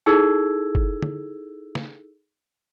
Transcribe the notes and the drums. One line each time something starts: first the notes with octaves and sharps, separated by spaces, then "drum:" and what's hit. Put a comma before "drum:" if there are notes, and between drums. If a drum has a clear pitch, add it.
D#4 E4 G#4 A4 E6 G#6
drum: kick
drum: tom
drum: snare